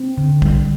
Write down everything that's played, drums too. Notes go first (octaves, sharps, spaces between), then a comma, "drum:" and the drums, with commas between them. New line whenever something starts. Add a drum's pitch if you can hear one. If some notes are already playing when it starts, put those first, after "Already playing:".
Already playing: C4
D3
G3, drum: kick